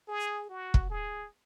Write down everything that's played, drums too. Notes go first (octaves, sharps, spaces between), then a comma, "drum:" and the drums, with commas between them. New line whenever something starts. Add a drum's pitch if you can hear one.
G#4
F#4
drum: kick
G#4